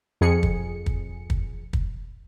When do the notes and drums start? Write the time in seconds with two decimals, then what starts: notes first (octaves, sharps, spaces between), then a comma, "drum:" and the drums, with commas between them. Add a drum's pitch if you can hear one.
0.21 F2 G#4 C#7
0.43 drum: kick
0.86 drum: kick
1.30 drum: kick
1.73 drum: kick